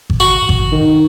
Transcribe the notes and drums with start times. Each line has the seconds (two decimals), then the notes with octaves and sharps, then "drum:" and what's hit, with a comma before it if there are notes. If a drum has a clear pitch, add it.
0.10 drum: kick G#1
0.20 F#4
0.49 drum: kick G#1
0.72 D#3